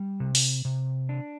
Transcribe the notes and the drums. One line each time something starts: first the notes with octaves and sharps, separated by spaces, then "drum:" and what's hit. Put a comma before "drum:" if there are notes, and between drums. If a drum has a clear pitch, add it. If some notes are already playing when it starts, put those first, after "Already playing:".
Already playing: G3
C3
drum: open hi-hat
C3
D4